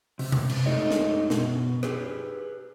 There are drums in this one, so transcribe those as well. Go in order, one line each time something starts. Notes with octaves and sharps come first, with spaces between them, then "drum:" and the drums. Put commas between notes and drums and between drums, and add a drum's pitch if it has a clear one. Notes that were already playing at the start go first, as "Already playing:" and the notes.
C3, drum: open hi-hat
drum: tom B2
drum: cymbal
G#3 A3 D#4 G4 C#5 D#5
drum: snare
B2, drum: snare
G4 G#4 B4, drum: rim click